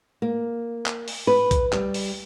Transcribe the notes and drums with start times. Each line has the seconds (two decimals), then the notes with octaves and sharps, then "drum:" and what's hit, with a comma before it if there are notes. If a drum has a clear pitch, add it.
0.22 A#3
0.86 drum: clap
1.08 drum: open hi-hat
1.27 B4
1.51 drum: kick, hi-hat
1.73 G3, drum: clap
1.94 drum: open hi-hat